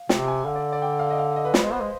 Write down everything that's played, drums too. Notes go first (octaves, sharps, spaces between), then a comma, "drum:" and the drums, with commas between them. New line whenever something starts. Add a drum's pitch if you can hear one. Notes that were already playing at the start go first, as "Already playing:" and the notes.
Already playing: F5
C3 G5, drum: snare
G#5
D3 F5
D5
D5
G5
F5
D#5
F5
D#5
B4
G3 C5, drum: snare
G#3
B3 C5
G#3